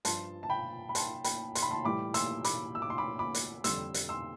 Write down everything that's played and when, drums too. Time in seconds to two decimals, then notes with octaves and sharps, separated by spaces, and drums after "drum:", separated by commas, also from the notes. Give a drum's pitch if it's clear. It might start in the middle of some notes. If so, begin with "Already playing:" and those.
0.05 G2 F3 A5 C6, drum: hi-hat
0.43 A5
0.50 G5 B5
0.89 B5
0.95 A5 C6, drum: hi-hat
1.24 G5 B5, drum: hi-hat
1.55 C6, drum: hi-hat
1.62 B5
1.71 A5 C6
1.85 A2 E3 G3 B5 D6
2.14 C6 E6, drum: hi-hat
2.44 B5 D6, drum: hi-hat
2.75 E6
2.82 D6
2.90 C6
2.98 B5 D6
3.19 B5 D6
3.34 drum: hi-hat
3.64 F2 D3 G3 C6 E6, drum: hi-hat
3.94 drum: hi-hat
4.09 C6 E6